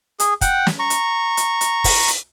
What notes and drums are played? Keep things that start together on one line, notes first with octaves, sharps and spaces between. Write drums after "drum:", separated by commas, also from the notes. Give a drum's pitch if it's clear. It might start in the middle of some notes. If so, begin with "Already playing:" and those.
G#4, drum: hi-hat
F#5 G5, drum: kick, hi-hat
drum: snare
A#5 C#6
drum: hi-hat
drum: hi-hat
drum: hi-hat
drum: kick, open hi-hat
drum: hi-hat